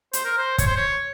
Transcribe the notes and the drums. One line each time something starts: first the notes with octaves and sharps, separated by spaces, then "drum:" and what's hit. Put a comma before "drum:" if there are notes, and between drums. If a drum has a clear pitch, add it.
C5, drum: hi-hat
A#4
C5
C#5, drum: kick, hi-hat
C5
C#5